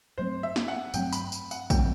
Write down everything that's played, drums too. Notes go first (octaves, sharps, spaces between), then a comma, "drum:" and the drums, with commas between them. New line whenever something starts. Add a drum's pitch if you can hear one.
G2 F#3 A3 C4 C5
E5
drum: snare
F#5
G2 F#3 A3 C4 G5, drum: tambourine
B5, drum: tambourine
drum: tambourine
F#5, drum: tambourine
F#3 A3 C4 G5, drum: kick A#1, tambourine